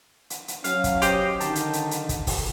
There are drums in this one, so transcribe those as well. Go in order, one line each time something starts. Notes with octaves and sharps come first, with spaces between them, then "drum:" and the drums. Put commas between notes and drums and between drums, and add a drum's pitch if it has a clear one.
drum: hi-hat
drum: hi-hat
F#3 C#4 F5, drum: hi-hat
drum: kick, hi-hat
G4 C5 D#5, drum: hi-hat
D3 D#3 A5, drum: hi-hat
drum: hi-hat
drum: hi-hat
drum: hi-hat
drum: kick, hi-hat
drum: kick, open hi-hat